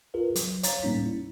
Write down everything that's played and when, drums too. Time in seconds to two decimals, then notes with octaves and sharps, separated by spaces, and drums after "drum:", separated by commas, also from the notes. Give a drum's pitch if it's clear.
0.14 F4 G#4 A#4 B4
0.35 F#3, drum: hi-hat
0.63 C#5 F5 A#5 A6, drum: hi-hat
0.82 A2 G3 A#3 C#4 D#4 B6
1.06 E4